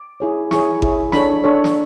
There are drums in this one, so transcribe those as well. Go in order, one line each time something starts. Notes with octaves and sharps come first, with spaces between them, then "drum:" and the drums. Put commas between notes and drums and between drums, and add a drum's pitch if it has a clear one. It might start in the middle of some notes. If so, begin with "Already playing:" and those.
Already playing: D6
E4 G#4 C#5
E4 G#4 C#5 C#6, drum: snare
E4 G#4 C#5, drum: kick G#1
D4 A4 C#5 B5, drum: snare
D4 A4 C#5
drum: snare